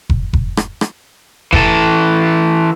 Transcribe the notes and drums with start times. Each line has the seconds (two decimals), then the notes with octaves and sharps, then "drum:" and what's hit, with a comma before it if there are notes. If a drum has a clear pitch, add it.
0.10 drum: kick F1
0.33 drum: kick F1
0.57 drum: rim click
0.81 drum: rim click
1.53 E3 A4, drum: kick F1